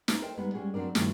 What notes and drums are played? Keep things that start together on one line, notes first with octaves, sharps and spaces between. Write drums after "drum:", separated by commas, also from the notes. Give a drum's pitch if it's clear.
D#4, drum: snare
A4 A#4 C5 D#5 G5
G3 G#3 B3 D#4
G3 G#3 C#4 F#4 G#4
F#3 C4 D4 A#4 D5
G2 D#3 F3 F#3 A3 E4, drum: snare